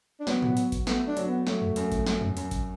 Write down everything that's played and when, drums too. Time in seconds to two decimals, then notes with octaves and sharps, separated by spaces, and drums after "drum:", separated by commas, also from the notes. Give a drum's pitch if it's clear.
0.20 D4
0.27 F#3 B3, drum: snare
0.42 drum: tom G#2
0.57 F#3, drum: hi-hat
0.72 drum: kick G#1, hi-hat
0.87 A3 B3, drum: snare
1.07 D4
1.17 F#3, drum: hi-hat
1.27 B3
1.47 F#3 A3, drum: snare
1.62 drum: tom E2
1.76 F#2, drum: hi-hat
1.92 drum: kick G#1, hi-hat
2.06 F#2, drum: snare
2.21 drum: tom E2
2.37 F#2, drum: hi-hat
2.51 drum: kick G#1, hi-hat